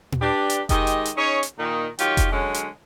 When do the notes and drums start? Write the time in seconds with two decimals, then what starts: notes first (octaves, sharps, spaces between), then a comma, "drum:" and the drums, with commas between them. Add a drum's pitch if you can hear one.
0.12 drum: tom A#2
0.21 D4 G4 B4
0.50 drum: hi-hat
0.69 D#3 G#3 G4 D#5, drum: kick F1, hi-hat
0.87 drum: hi-hat
1.05 drum: hi-hat
1.16 C#4 D#4 G#4 C#5
1.43 drum: hi-hat
1.57 A#2 D#3 D#4
1.99 D#3 F#3 F4 G4 C#5 G5, drum: hi-hat
2.17 drum: kick F1, hi-hat
2.31 D3 F#3 G#3 C#4
2.54 drum: hi-hat